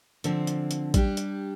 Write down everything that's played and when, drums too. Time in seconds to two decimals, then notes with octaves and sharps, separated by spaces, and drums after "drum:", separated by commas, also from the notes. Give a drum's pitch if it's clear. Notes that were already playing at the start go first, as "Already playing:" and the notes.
0.24 D3 F3 C4, drum: hi-hat
0.47 drum: hi-hat
0.71 drum: hi-hat
0.94 G3 D4 G4, drum: kick, hi-hat
1.17 drum: hi-hat